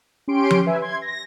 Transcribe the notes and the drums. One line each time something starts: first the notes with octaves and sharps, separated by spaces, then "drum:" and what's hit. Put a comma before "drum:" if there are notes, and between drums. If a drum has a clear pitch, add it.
C#4 G4 C6 D7
drum: tom F3
B4 E5 G#5
C6 G#6
A#6